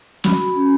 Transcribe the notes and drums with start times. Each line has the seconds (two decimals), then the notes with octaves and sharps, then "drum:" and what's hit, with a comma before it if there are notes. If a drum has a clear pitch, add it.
0.24 F#4 B5, drum: snare
0.55 C#4